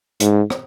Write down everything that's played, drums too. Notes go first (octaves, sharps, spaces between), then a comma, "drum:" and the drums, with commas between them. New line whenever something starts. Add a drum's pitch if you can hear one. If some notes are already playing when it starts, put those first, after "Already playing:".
G#2, drum: hi-hat
drum: rim click